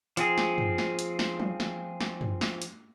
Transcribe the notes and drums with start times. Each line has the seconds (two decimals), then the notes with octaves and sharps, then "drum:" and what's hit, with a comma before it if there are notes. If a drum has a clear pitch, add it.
0.17 F3 C4 G#4, drum: hi-hat
0.38 drum: snare
0.58 drum: tom
0.78 drum: snare
0.99 drum: hi-hat
1.19 drum: snare
1.39 drum: tom
1.60 drum: snare
2.00 drum: snare
2.21 drum: tom
2.41 drum: snare
2.62 drum: hi-hat